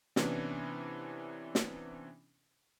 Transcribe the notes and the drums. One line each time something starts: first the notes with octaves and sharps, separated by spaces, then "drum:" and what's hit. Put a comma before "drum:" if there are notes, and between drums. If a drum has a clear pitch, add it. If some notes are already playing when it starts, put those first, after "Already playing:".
C3 E3 B3 C#4 D4 E4, drum: snare
drum: snare